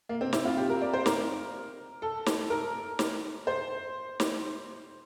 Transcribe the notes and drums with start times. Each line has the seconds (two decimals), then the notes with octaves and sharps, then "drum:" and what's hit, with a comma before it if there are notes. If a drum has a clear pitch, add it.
0.09 A#3
0.21 C4
0.33 E4, drum: snare
0.45 F4
0.57 G4
0.70 A#4
0.82 D5
0.93 C5
1.06 A#4, drum: snare
2.02 A4
2.26 drum: snare
2.50 A#4
2.99 drum: snare
3.47 C5
4.20 drum: snare